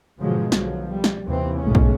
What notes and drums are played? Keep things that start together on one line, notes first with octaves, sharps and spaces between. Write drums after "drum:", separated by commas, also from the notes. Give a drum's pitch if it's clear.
G#2 B2 D3 F3 F#3 G#3
B1 F3 F#3, drum: snare
G3
drum: snare
D#2 C3 E3 C4
B1 G#2 G#3 A3 C#4
drum: kick